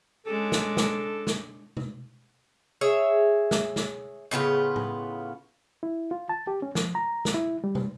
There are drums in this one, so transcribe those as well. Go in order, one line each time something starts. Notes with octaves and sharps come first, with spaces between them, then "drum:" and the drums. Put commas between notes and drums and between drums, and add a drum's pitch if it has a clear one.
G#3 C#4 D4 A4
drum: snare
drum: snare
drum: snare
drum: tom
G#4 C#5 E5
drum: snare
drum: snare
A2 C#3 B3 F4
drum: tom A2
E4
F4
A5
G4
C#4
F3, drum: snare
A#5
drum: snare
E4
G3
drum: tom